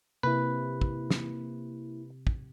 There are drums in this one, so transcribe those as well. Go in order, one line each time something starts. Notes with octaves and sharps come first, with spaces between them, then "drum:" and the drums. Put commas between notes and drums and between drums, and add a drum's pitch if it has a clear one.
C3 A#3 E4 B4
drum: kick
drum: snare
drum: kick